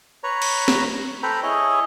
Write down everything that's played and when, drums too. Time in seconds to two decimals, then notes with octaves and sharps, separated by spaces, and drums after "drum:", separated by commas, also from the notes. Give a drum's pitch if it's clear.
0.24 B4 C#5 A#5
0.42 drum: cymbal
0.68 drum: snare
1.23 A4 B4 C5 G5 A#5 B5
1.43 E4 G#4 C#5 D#5